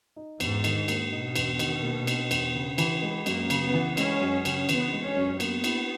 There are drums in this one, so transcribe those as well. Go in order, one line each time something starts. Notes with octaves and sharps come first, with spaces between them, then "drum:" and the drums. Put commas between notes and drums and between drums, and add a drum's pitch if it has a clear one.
D#4
E2 G#2, drum: cymbal
D#3, drum: cymbal
A#3, drum: cymbal
B2 D#4
E2, drum: cymbal
D#3, drum: cymbal
A#3
D#4, drum: cymbal
E2, drum: cymbal
C#3
E3, drum: cymbal
G#3
F#2 A#3, drum: cymbal
C#3, drum: cymbal
B3
E3
G#3 C#4, drum: cymbal
F#2
C#3, drum: cymbal
E3 B3, drum: cymbal
G#3
C#4
F#2
A#3 B3, drum: cymbal
E4, drum: cymbal